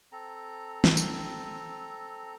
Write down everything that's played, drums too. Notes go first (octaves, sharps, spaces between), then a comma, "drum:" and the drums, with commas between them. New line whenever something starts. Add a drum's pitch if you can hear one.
C4 A4 A#5
drum: snare
drum: tambourine